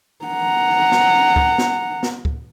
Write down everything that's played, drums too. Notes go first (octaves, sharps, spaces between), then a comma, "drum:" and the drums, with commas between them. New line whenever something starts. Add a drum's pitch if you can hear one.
F#5 A#5
drum: snare B3
drum: kick
drum: snare B3
drum: snare B3
drum: kick